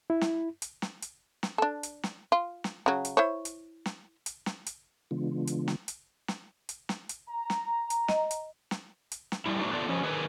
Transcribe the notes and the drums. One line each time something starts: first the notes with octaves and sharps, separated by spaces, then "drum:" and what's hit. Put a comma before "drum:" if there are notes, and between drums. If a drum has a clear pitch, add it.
E4
drum: snare
drum: hi-hat
drum: snare
drum: hi-hat
drum: snare
D4 A4
drum: hi-hat
drum: snare
F4
drum: snare
C#3 F#3
drum: hi-hat
E4 C5 C#5
drum: hi-hat
drum: snare
drum: hi-hat
drum: snare
drum: hi-hat
C#3 E3 G#3 B3 D4 F4
drum: hi-hat
drum: snare
drum: hi-hat
drum: snare
drum: hi-hat
drum: snare
drum: hi-hat
A#5
drum: snare
drum: hi-hat
D#5, drum: snare
drum: hi-hat
drum: snare
drum: hi-hat
drum: snare
G3 A3 E4
A3 D4 D#4 F#4
A3 B3 D4 F4 A4 D5
F3 G#3 C#4
D#3 G#4 B4